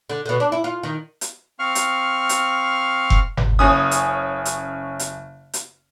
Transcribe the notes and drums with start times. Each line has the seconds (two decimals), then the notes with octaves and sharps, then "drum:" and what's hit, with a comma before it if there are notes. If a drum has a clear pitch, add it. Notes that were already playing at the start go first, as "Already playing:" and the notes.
0.10 D3
0.26 B2 D3
0.40 D4
0.52 E4
0.64 F4
0.83 D#3
1.21 drum: hi-hat
1.59 C4 F5 C#6 F6
1.75 drum: hi-hat
2.29 drum: hi-hat
3.10 drum: kick F1
3.37 drum: tom G1
3.59 F#1 C#4 D#6
3.91 drum: hi-hat
4.45 drum: hi-hat
4.99 drum: hi-hat
5.53 drum: hi-hat